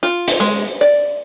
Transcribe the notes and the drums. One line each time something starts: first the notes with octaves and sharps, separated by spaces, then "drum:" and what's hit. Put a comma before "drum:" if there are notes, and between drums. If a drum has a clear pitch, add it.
F4
drum: hi-hat
G#3
D5